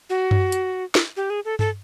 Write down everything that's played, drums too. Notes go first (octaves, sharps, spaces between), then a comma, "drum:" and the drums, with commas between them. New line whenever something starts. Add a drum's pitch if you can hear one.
F#4
drum: tom F#2
drum: hi-hat
drum: snare
G4
G#4
A4
A4, drum: tom G2